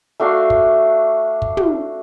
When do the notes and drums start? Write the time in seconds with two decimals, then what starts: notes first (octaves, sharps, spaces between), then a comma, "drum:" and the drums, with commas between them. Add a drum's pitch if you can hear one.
0.20 A3 D4 F#4 F5
0.50 drum: kick
1.42 drum: kick
1.57 drum: tom